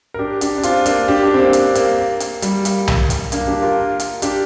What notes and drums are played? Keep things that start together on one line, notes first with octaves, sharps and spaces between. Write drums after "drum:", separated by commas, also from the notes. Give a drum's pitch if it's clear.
A#4
D4 G4
D4 G4, drum: hi-hat
D4
C4 F4, drum: hi-hat
A#3 D4, drum: hi-hat
D4 G4
D4 G4
C4
A#3 D4
drum: hi-hat
A#3, drum: hi-hat
drum: hi-hat
G3, drum: hi-hat
A#3, drum: hi-hat
drum: tom C2
drum: hi-hat
A#3 D4, drum: hi-hat
D4 G4
F4 A#4
drum: hi-hat
D4 G4, drum: hi-hat